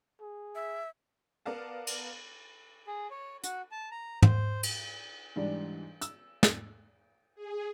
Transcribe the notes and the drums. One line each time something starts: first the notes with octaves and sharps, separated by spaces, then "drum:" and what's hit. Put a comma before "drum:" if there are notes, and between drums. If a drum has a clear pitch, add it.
G#4
E5
B3 A#4 D5 F5 A5
drum: cymbal
G#4
C#5
F#4, drum: hi-hat
A5
A#5
C5, drum: tom
drum: cymbal
G#2 E3 G3 D4
E6, drum: hi-hat
drum: snare
G#4